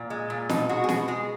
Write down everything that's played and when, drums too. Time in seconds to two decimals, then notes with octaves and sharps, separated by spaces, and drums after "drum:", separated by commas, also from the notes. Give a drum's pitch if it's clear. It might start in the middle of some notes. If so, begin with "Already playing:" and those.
Already playing: A#2
0.10 G#3
0.30 A#2
0.49 B2 D#4, drum: snare
0.69 G#3 F#4
0.84 G#4
0.89 B2 F#4, drum: snare
1.08 G#3 G#4